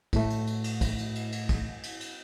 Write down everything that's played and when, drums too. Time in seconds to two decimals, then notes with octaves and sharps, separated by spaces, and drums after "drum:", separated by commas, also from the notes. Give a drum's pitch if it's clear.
0.13 A2 A3, drum: kick, cymbal
0.30 drum: cymbal
0.47 drum: cymbal
0.64 drum: cymbal
0.81 drum: kick, cymbal
0.98 drum: cymbal
1.15 drum: cymbal
1.32 drum: cymbal
1.49 drum: kick, cymbal
1.83 drum: cymbal
2.00 drum: cymbal